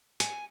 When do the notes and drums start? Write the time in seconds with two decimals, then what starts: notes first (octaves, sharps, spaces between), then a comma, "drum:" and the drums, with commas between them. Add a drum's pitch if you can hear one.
0.20 G#5, drum: hi-hat